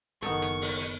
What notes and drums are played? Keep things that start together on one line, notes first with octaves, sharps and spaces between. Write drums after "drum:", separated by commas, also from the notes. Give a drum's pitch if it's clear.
F#1 D#3 B3 D#4 A4 C#6, drum: hi-hat
drum: hi-hat
drum: open hi-hat
drum: hi-hat